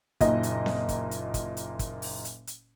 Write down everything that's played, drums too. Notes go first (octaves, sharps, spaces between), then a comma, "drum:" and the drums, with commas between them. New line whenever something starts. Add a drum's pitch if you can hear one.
F#1 A#2 D#4 D#5, drum: kick, hi-hat
drum: hi-hat
drum: snare C4
drum: kick, hi-hat
drum: hi-hat
drum: kick, hi-hat
drum: hi-hat
drum: kick, hi-hat
drum: open hi-hat
drum: hi-hat
drum: hi-hat